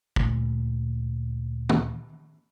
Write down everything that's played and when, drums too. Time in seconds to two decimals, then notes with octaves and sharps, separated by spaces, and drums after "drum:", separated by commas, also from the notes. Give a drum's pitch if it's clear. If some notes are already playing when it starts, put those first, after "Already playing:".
0.16 D2 A#2, drum: kick
1.69 drum: tom